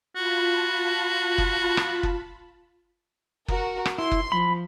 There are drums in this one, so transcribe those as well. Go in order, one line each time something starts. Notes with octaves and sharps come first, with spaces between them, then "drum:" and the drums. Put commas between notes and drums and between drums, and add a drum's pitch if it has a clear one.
F4 F#4 A5 B5
drum: kick F#1
drum: rim click
drum: kick F#1
F#4 A#4, drum: kick F#1
drum: rim click
E4 C6
drum: kick F#1
F3 B5